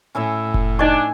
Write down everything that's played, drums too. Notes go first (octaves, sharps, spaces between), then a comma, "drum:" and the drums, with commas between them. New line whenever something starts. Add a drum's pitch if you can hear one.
A2 C#4 E4 E5
drum: kick F1
D4 D#4 D#5 G#5 C#6